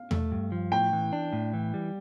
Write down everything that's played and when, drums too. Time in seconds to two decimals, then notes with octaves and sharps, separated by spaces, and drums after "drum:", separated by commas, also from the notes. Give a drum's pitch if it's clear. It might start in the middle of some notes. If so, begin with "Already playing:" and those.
Already playing: F5
0.11 A3, drum: tom E2
0.32 G2
0.52 F3
0.72 A2 G5
0.93 E3
1.13 D4
1.33 A2
1.53 E3
1.74 G3